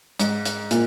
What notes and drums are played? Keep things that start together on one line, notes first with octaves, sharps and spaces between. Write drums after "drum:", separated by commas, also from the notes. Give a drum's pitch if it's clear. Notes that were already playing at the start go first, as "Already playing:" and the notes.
G#2, drum: hi-hat
drum: hi-hat
A#2, drum: hi-hat